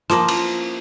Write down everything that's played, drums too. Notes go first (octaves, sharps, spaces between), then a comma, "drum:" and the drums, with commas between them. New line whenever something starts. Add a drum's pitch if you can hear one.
F3 A#3, drum: rim click
drum: cymbal